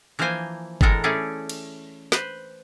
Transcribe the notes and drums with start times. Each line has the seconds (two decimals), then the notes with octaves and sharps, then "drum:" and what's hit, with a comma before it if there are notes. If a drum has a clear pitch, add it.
0.19 E3 F3 A#3 A#4 C5 G#5
0.81 A2 E3 G#3 A4 A#4, drum: kick G1
1.04 A3 C#4 E4 G#4 D5
1.49 drum: cymbal
2.12 B4 C5, drum: snare